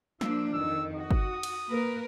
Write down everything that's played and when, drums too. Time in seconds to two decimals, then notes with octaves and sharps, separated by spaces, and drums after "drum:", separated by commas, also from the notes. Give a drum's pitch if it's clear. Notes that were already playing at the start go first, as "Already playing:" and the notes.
0.21 F3 A#3 D4 E6, drum: snare
0.54 F2 D#3 E6
0.96 F#4 D#6
1.11 drum: kick G1
1.43 drum: cymbal
1.69 A#3 A#4 B4